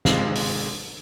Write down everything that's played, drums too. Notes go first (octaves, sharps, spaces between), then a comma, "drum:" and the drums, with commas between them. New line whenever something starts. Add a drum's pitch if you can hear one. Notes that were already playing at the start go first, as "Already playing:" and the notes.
G#1 C3 G#3 F5, drum: snare
drum: open hi-hat